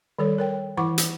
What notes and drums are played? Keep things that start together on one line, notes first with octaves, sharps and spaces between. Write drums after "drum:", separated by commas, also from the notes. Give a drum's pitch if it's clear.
D#3 G3 A4 C#5
A#4 C#5 G5
E3 E4 F#5 C#6 D6
drum: hi-hat